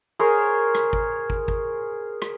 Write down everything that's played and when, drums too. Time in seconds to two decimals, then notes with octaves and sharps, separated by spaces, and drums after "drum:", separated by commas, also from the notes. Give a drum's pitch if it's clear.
0.19 G#4 A#4 C5 C#5
0.75 drum: rim click
0.93 drum: kick
1.30 drum: kick
1.48 drum: kick
2.22 drum: rim click